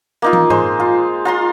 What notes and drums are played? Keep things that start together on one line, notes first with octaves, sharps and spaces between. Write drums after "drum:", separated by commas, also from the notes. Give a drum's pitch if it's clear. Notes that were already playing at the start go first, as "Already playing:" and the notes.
A#3 D#4 F4
drum: tom
G#3 C5, drum: tom G2
F4
F4 A#5 C6